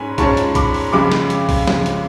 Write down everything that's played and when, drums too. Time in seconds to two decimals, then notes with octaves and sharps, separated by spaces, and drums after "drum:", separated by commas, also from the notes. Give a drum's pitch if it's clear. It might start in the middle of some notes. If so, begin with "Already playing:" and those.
Already playing: G#2 G#3 C#4 G#5 B5
0.18 G#2 F3 G#3 C#4 A5 C#6, drum: kick B1, hi-hat
0.37 drum: hi-hat
0.55 B5 D6, drum: kick B1, hi-hat
0.74 drum: open hi-hat
0.93 F2 C#3 G#3 B5 D6
1.12 drum: snare
1.30 drum: hi-hat
1.49 drum: kick B1, open hi-hat
1.67 F2 C#3 G#3, drum: snare
1.86 drum: hi-hat